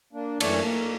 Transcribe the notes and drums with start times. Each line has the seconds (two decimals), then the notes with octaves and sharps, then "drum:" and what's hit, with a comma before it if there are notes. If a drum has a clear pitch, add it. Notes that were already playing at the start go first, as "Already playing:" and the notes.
0.13 A#3 D4
0.40 F#2 E3 A3 C#5 D5 A5, drum: cymbal
0.62 A#3